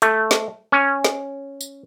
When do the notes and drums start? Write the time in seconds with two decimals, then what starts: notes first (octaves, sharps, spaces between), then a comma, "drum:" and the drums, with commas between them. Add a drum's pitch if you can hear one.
0.02 A3, drum: hi-hat
0.31 drum: snare
0.72 C#4
1.04 drum: snare
1.61 drum: tambourine